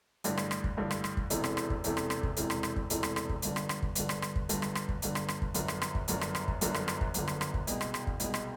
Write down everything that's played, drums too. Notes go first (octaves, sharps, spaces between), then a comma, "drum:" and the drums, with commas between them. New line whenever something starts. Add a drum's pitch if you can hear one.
A1 G2 D3, drum: hi-hat
drum: rim click
drum: rim click
drum: kick
A1 G2 D3
drum: rim click
drum: rim click
drum: kick
E1 E2 C3 E3 A3, drum: hi-hat
drum: rim click
drum: rim click
drum: kick
E1 E2 C3 E3 A3, drum: hi-hat
drum: rim click
drum: rim click
drum: kick
E1 E2 C3 E3 A3, drum: hi-hat
drum: rim click
drum: rim click
drum: kick
E1 E2 C3 E3 A3, drum: hi-hat
drum: rim click
drum: rim click
drum: kick
G1 G2 D3, drum: hi-hat
drum: rim click
drum: rim click
drum: kick
G1 G2 D3, drum: hi-hat
drum: rim click
drum: rim click
drum: kick
G1 G2 D3, drum: hi-hat
drum: rim click
drum: rim click
drum: kick
G1 G2 D3, drum: hi-hat
drum: rim click
drum: rim click
drum: kick
G1 F#2 D3, drum: hi-hat
drum: rim click
drum: rim click
drum: kick
G1 F#2 D3, drum: hi-hat
drum: rim click
drum: rim click
drum: kick
G1 F#2 D3, drum: hi-hat
drum: rim click
drum: rim click
drum: kick
G1 F#2 D3, drum: hi-hat
drum: rim click
drum: rim click
drum: kick
C2 B2 G#3, drum: hi-hat
drum: rim click
drum: rim click
drum: kick
C2 B2 G#3, drum: hi-hat
drum: rim click